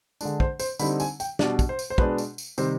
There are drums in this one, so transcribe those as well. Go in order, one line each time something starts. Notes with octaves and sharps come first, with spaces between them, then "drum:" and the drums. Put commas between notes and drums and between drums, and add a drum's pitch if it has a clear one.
D3 G#3 D4, drum: tambourine
C5, drum: kick
C5, drum: tambourine
D3 G3 C4 D#4 B5, drum: tambourine
G#5, drum: tambourine
G5, drum: tambourine
B2 G3 D4 D5, drum: snare
drum: kick, tambourine
C5
drum: tambourine
C5
B2 G#3 D4 B4, drum: kick
drum: tambourine
drum: tambourine
C3 D#3 G3 C4 C5, drum: tambourine